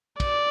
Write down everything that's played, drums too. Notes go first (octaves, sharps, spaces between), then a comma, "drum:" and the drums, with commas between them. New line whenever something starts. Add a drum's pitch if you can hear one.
D5, drum: kick, cymbal